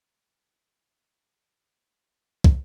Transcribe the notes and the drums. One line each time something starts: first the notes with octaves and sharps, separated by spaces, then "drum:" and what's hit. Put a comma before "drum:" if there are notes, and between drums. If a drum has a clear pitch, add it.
A2 E3 E5
F5
F#5
G5
C3 D#3
A2
E3
A2 E3 F#5
B2 E5
B4
drum: kick